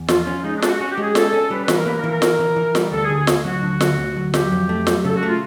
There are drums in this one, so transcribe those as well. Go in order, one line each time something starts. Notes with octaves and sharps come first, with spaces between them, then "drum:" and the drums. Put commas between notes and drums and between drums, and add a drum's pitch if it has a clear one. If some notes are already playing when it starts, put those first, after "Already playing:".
Already playing: E2
F3 F4, drum: snare
C#4
G#3 D#4
D4
C#4, drum: snare
F#4
C#4 F#4
G4
G#3
G#4
C#4 A4, drum: snare
C#4
G3 B4
B4
E3, drum: snare
A#4
A#3 B4
A#4
E3
A#4
E3, drum: snare
E3
E3
G3, drum: snare
D2 A4
G#4
D3
G#4
D2, drum: snare
F#3 F#4
D3
D2, drum: snare
D2
F#3
F#3 G4, drum: snare
F2
A3
F#3, drum: snare
C#3 A4
F#4
A3
F4